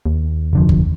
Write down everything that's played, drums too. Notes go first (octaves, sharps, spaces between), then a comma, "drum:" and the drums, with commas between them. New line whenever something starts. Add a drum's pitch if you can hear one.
D#2
F1 D3 F3
drum: kick G1